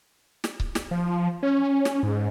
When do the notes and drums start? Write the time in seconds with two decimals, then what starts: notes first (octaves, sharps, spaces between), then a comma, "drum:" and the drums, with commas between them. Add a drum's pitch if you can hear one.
0.44 drum: snare
0.60 drum: kick C#1
0.75 drum: snare
0.91 F3
1.43 C#4
1.85 drum: snare
2.03 G#2